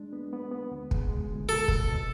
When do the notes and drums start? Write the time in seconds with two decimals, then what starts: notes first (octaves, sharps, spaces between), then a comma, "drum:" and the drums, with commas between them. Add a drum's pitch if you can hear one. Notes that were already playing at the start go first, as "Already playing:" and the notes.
Already playing: G#3 D4
0.13 B3
0.33 B3
0.52 B3
0.71 D2
0.91 G#3, drum: kick
1.10 G#3
1.29 D2
1.49 B2 A4
1.68 C#2, drum: kick
1.87 B2